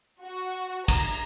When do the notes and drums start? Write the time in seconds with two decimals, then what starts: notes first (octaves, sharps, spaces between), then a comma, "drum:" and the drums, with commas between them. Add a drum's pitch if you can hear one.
0.24 F#4
0.88 A#5, drum: kick, cymbal